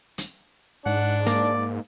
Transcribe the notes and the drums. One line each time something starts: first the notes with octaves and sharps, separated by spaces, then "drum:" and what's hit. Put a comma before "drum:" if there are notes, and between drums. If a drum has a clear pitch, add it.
drum: hi-hat
G#2 D4 F#5
A#3 D5, drum: hi-hat